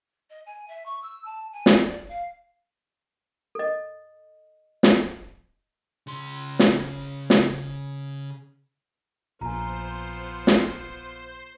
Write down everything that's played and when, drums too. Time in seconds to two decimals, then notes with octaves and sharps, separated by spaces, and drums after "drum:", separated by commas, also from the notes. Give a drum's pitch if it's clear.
0.30 D#5
0.46 G#5
0.68 E5
0.85 C#6
1.02 E6
1.25 A5
1.52 G#5
1.66 drum: snare
1.83 D5
2.08 F5
3.55 A4 D#5
4.83 drum: snare
6.07 C#3 C6
6.59 drum: snare
7.30 drum: snare
9.41 A#1 B3 F4 C5 G#5 A#5
10.47 drum: snare